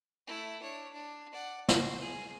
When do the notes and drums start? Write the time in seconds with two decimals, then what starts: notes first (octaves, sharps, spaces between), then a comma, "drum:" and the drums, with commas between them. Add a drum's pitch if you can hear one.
0.27 A3 E4
0.62 D4 C#5
0.93 D4
1.33 D5 F#5
1.68 F#4 C5, drum: snare
2.00 G#4